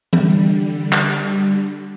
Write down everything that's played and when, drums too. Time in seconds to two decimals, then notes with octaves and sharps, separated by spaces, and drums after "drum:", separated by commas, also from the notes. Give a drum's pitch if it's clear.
0.13 D3 G3, drum: tom E3
0.92 drum: clap